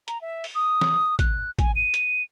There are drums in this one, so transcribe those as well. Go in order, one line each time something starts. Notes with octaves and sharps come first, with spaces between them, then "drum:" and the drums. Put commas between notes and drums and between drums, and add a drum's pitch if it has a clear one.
A#5, drum: hi-hat
E5
drum: open hi-hat
D#6
drum: snare
F#6, drum: kick, hi-hat
G#5, drum: kick, hi-hat
D#7
drum: hi-hat